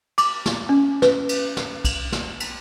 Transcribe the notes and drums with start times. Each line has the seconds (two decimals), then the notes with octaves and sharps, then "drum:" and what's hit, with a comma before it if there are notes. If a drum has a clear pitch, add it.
0.18 D6, drum: cymbal
0.46 drum: snare
0.69 C#4
1.02 B4, drum: snare
1.29 drum: cymbal
1.57 drum: snare
1.85 drum: kick, cymbal
2.12 drum: snare
2.40 drum: cymbal